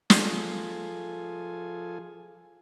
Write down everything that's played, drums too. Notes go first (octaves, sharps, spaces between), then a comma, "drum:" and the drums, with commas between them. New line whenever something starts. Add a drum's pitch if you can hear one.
F3 F4 G#4 A4 G#5, drum: snare